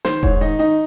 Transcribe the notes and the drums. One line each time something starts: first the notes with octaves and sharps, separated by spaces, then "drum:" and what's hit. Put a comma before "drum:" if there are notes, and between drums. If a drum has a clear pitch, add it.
D#3 C5, drum: snare
G#2 C#5, drum: kick E1
D#3 D#4 D#5
D#3 D#4 D#5